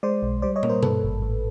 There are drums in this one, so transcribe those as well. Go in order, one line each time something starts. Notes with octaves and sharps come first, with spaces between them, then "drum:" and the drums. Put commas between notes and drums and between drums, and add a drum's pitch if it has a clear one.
G#3 C5 D5
B1
G3 C5 D5
C#5 D#5
A#3, drum: tom
A#4 C5
G2 A4 B4, drum: tom B2
G#1
A2